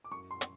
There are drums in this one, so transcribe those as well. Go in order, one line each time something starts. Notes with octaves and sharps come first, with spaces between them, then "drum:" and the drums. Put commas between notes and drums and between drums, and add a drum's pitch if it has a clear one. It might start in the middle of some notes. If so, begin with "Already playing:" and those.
D6
F#2 C#6
C6
drum: hi-hat